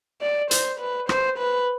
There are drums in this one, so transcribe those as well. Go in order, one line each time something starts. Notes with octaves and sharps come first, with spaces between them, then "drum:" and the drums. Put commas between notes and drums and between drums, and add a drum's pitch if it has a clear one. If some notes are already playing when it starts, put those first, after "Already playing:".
D5
C5, drum: hi-hat
B4
C5, drum: rim click
B4